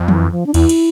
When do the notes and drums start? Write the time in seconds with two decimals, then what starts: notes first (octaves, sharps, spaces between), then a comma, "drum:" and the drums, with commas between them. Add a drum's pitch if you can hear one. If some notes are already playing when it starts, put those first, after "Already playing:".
Already playing: F2
0.08 E3, drum: tom F3
0.32 F3
0.46 D4
0.54 E2 E4, drum: cymbal
0.69 drum: cymbal